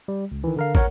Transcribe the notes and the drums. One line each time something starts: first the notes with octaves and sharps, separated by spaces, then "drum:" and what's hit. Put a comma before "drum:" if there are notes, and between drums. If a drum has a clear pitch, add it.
G3
C#2
D#3 E3
D3 A#4 F5
A#4 C#5 F#5, drum: kick